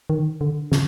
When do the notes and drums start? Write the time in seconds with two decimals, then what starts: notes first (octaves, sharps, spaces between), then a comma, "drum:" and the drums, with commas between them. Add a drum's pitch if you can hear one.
0.10 D#3
0.41 D3
0.72 C#3, drum: snare